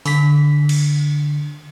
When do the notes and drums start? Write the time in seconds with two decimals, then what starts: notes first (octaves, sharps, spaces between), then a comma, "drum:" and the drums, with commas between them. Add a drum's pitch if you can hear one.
0.06 D3 B6, drum: open hi-hat
0.69 drum: cymbal